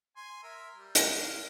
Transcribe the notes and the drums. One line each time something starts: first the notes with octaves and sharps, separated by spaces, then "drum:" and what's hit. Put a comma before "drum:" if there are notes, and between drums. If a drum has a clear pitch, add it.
G#5 C6
A#4 E5
G3
drum: hi-hat
F5